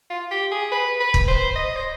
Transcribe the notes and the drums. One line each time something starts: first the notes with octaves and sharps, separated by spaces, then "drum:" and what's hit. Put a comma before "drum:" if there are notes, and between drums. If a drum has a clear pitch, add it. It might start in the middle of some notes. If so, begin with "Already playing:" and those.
F4
G4
G#4
B4
B4
drum: kick
C5
D#5
C5